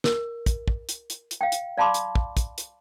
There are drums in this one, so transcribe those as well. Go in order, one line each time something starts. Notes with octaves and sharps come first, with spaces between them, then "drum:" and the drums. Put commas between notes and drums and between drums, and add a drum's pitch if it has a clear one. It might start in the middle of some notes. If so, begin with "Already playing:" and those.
A#4, drum: snare
drum: kick, hi-hat
drum: kick
drum: hi-hat
drum: hi-hat
drum: hi-hat
F5 G5
drum: hi-hat
D5 F5 A5 B5 C6 D6
drum: hi-hat
drum: kick
drum: kick, hi-hat
drum: hi-hat